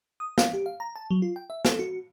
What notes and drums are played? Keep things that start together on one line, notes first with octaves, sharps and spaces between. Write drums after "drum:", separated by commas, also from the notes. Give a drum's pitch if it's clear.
D#6
F5, drum: snare
G4
F5
A#5
A5
F#3
F4
G5
E5
A4, drum: snare
F#4